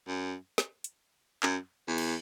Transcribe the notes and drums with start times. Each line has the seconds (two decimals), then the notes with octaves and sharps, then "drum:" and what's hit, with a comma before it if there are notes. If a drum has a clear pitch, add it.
0.08 F#2
0.58 drum: snare
0.84 drum: hi-hat
1.43 F#2, drum: clap
1.88 E2
1.98 drum: cymbal